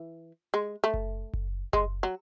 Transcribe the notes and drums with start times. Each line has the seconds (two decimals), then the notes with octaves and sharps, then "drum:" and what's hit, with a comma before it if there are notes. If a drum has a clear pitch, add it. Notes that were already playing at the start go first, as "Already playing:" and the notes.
Already playing: E3
0.54 G#3
0.84 A3
0.94 drum: kick F#1
1.34 drum: kick F#1
1.73 G#3, drum: kick F#1
2.03 F#3